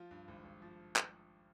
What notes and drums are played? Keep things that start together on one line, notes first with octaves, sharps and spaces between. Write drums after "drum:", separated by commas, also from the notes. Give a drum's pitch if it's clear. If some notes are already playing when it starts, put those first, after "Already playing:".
Already playing: F3 F4
G2
G#1
G#1
F3
drum: clap